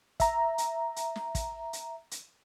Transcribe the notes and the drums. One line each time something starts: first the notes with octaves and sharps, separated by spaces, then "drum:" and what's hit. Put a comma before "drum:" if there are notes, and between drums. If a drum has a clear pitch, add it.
E5 A#5, drum: kick, hi-hat
drum: hi-hat
drum: hi-hat
drum: snare
drum: kick, hi-hat
drum: hi-hat
drum: hi-hat